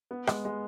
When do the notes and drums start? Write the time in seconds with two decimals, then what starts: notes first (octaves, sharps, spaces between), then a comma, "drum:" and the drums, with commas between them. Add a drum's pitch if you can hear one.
0.11 B3
0.27 G#3, drum: rim click
0.45 G#3